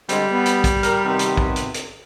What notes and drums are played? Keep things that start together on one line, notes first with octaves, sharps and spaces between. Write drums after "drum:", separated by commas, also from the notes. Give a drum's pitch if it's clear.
D3 G3 G#3 C4, drum: hi-hat
B3
drum: hi-hat
drum: kick, hi-hat
A#4, drum: hi-hat
C3 D#3 B3
drum: hi-hat
drum: kick
drum: hi-hat
drum: hi-hat